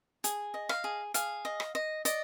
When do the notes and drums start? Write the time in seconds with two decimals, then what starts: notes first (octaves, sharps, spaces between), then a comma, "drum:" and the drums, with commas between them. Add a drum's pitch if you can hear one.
0.24 G#4, drum: hi-hat
0.54 D#5
0.69 F5, drum: rim click
0.84 G#4
1.14 G#4 F5, drum: hi-hat
1.45 D#5
1.60 drum: rim click
1.75 D#5
2.05 D5 D#5, drum: hi-hat